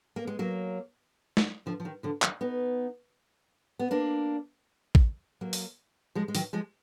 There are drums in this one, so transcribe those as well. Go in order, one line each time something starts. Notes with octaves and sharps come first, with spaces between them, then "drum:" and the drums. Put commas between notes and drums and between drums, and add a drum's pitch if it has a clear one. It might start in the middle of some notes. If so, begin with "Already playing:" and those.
A#3
G#3
F#3 A#3
drum: snare
D3 F3
F3
D#3
D3 F3
D#3 F#3, drum: clap
B3 D#4
B3
A#3 D4
drum: kick A1
F#3 A#3
drum: open hi-hat
F3 G#3
G#3
D#3 F#3, drum: open hi-hat
F3 G#3